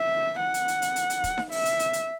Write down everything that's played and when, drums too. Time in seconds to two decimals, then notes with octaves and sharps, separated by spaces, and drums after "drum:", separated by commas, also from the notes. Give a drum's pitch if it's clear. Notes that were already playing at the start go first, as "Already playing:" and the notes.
Already playing: E5
0.40 F#5
0.54 drum: hi-hat
0.68 drum: hi-hat
0.82 drum: hi-hat
0.96 drum: hi-hat
1.10 drum: hi-hat
1.24 drum: kick, hi-hat
1.38 drum: snare D#4
1.52 E5, drum: open hi-hat
1.65 drum: hi-hat
1.79 drum: hi-hat
1.93 drum: hi-hat